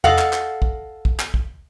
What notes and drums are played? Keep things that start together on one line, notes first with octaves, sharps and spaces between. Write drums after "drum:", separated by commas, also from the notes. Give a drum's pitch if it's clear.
A4 D#5 F5 F#5, drum: tom E2
drum: clap
drum: clap
drum: kick
drum: kick
drum: clap
drum: kick